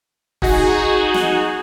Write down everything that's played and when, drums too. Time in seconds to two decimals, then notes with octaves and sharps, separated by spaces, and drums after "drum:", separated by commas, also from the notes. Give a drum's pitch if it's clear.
0.42 D#4 F#4 G#4, drum: kick
1.14 drum: snare